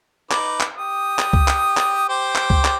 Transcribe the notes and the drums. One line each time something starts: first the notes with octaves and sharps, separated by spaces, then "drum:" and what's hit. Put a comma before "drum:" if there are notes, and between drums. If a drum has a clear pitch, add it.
D#4 B4 D6, drum: clap
drum: clap
G4 D#6
drum: clap
drum: kick
drum: clap
drum: clap
G4 C5 D6
drum: clap
drum: kick
drum: clap